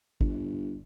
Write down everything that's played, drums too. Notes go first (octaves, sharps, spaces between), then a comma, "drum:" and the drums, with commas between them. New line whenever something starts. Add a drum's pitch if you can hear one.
G1, drum: kick